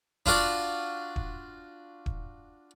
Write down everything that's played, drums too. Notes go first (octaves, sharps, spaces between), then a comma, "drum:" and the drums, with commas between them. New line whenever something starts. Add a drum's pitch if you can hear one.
D4 F4 F#4 D5, drum: kick D#1
drum: kick D#1
drum: kick D#1